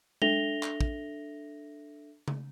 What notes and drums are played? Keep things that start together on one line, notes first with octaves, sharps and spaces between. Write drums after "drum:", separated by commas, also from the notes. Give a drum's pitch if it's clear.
D4 A4 E5 A#6 F7 G7, drum: tom G#3
drum: clap
drum: kick
drum: tom C#3